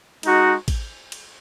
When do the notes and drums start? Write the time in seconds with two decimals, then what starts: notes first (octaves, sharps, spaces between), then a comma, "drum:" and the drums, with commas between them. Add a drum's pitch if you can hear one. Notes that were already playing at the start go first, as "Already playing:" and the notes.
0.23 G#3 D#4 F#4, drum: cymbal
0.68 drum: kick, cymbal
1.12 drum: cymbal